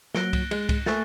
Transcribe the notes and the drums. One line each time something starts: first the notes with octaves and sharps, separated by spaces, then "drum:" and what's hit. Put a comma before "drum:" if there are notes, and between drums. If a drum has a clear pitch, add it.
F#3 F#6 A#6 D7 G7, drum: snare
drum: kick C2, cymbal
G#3, drum: cymbal
drum: kick C2, cymbal
A3 G#5 C#6 F#6 A6, drum: snare